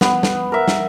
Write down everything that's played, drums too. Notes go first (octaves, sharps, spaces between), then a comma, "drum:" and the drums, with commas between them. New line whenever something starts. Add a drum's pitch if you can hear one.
B3, drum: snare
drum: snare
A#4 E5
drum: snare